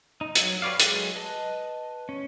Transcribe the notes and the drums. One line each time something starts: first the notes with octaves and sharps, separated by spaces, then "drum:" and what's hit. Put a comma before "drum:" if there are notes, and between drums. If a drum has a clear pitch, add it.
D#4
F#3, drum: hi-hat
G4 B4 C#5 D5 F5
F#3 G#3 G#4 F#6, drum: hi-hat
B4 D#5 A5
C#4